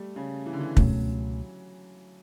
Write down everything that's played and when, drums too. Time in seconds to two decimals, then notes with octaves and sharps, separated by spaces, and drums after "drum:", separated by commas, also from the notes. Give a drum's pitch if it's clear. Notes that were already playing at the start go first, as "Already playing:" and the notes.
Already playing: G3 A3
0.16 C#3
0.46 E3
0.53 D3
0.60 E3
0.77 C#2 B2 F#3 A3 C#4, drum: kick